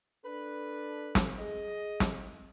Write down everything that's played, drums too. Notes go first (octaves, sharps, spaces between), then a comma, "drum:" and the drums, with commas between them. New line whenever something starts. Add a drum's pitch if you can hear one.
D4 A4 B4
drum: snare
G#4 D#5
drum: snare